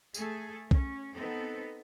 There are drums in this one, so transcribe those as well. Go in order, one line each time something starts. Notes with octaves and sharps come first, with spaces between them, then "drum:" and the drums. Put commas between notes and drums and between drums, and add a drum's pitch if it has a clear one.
A3 G#4 A4, drum: tambourine
C#4, drum: kick
B3 C4 D#4 A4